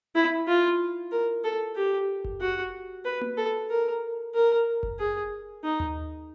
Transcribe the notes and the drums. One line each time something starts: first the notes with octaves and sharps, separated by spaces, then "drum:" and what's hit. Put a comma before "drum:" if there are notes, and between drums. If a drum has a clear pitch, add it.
E4
F4
A#4
A4
G4
drum: kick F#1
F#4
B4
drum: tom A#3
A4
A#4
A#4
drum: kick F#1
G#4
D#4
drum: tom D#2